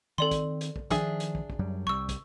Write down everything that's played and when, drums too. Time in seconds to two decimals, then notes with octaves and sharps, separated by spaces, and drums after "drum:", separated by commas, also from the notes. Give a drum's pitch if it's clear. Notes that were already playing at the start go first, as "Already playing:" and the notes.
0.18 D#3 C4 A4 D5 C6
0.31 drum: kick, hi-hat
0.61 drum: hi-hat
0.76 drum: kick
0.90 D#3 F3 D4 G#4 E5, drum: kick, hi-hat
1.20 drum: hi-hat
1.35 drum: kick
1.50 drum: kick
1.59 F#2 F#3 G3
1.87 C2 G3 C#6 E6
2.09 drum: kick, hi-hat